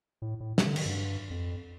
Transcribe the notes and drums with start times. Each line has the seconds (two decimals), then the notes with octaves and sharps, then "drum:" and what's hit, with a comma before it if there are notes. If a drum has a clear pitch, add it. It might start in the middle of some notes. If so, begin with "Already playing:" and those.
0.22 A2
0.40 A2
0.58 C3, drum: snare
0.67 D3
0.76 D#3, drum: cymbal
0.85 G2
1.30 F2